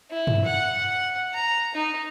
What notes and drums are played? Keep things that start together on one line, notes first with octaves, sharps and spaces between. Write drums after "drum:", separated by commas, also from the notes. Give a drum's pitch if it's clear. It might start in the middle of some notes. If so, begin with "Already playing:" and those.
E4
drum: tom
F#5
F#5
A#5
D#4